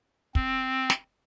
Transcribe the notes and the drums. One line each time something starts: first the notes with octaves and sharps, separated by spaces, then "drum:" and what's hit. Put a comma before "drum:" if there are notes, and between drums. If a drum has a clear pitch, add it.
C4, drum: kick
drum: snare